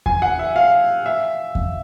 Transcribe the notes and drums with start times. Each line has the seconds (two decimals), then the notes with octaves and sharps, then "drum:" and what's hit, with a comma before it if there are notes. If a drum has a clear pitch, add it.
0.06 G#5, drum: kick E2
0.22 F#5
0.39 E5
0.56 F5
1.06 E5
1.55 drum: kick E2